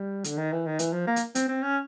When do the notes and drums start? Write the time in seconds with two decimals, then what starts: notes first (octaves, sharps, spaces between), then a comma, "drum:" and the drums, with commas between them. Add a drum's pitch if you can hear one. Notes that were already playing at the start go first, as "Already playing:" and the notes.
Already playing: G3
0.24 D3, drum: hi-hat
0.37 D#3
0.52 E3
0.66 D#3
0.79 E3, drum: hi-hat
0.93 F3
1.07 A#3
1.16 drum: hi-hat
1.35 C4, drum: hi-hat
1.48 C4
1.63 C#4